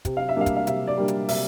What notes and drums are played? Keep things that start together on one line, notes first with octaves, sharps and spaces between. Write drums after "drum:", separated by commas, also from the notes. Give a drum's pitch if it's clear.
C3, drum: kick, hi-hat
F5
E5
G3 A#3 D4 F5
drum: kick, hi-hat
F5
C3 E5, drum: hi-hat
D5
G3 A#3 D4
drum: hi-hat
C3 E5, drum: open hi-hat